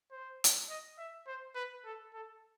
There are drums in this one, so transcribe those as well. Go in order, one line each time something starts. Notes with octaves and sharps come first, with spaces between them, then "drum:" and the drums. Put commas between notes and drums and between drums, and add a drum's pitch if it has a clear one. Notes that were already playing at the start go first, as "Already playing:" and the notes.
C5
drum: hi-hat
D#5
E5
C5
B4
A4
A4